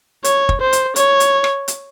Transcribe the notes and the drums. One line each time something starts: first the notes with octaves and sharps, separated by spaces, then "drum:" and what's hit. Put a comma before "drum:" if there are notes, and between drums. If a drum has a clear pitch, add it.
C#5, drum: hi-hat
drum: kick
C5
drum: hi-hat
C#5, drum: hi-hat
drum: hi-hat
drum: rim click
drum: hi-hat